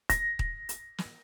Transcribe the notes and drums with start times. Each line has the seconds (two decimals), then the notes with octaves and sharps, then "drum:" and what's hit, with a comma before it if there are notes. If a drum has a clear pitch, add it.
0.10 A#6, drum: kick D#1, hi-hat
0.39 drum: kick D#1
0.69 drum: hi-hat
0.98 drum: snare